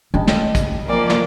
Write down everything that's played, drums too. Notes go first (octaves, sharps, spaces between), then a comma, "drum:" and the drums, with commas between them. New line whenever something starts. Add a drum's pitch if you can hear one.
G3 C#4 D#5 A5
drum: snare
drum: kick, hi-hat
F3 A#3 D5 G#5 A#5
drum: snare